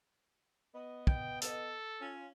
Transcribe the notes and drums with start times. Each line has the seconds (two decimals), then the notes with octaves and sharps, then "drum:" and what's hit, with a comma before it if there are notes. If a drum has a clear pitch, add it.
0.75 B3 D#5
1.07 G5, drum: kick
1.42 A4, drum: hi-hat
2.01 C#4 F4